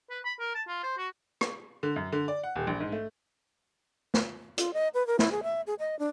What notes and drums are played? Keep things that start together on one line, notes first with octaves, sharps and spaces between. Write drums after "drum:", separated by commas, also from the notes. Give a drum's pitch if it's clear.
B4
B5
A#4
A5
F4
C5
F#4
drum: rim click
D3
F#2
D3
D5
F#5
D#1
A#1
G#2
A3
drum: snare
F4, drum: hi-hat
D#5
B4
A#4
E4, drum: snare
G#4
E5
G#4
D#5
D4